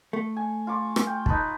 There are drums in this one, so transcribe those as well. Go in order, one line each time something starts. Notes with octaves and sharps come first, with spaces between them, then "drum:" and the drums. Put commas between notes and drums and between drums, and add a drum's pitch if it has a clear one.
A3
G#5
F4 C#5 D6
drum: rim click
G5
D#4 B4 A5, drum: kick